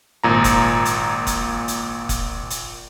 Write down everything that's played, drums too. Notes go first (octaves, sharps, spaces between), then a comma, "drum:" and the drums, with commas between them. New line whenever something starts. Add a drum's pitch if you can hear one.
G#1 A#2 A#5
drum: kick F1, hi-hat
drum: hi-hat
drum: kick F1, hi-hat
drum: hi-hat
drum: kick F1, hi-hat
drum: hi-hat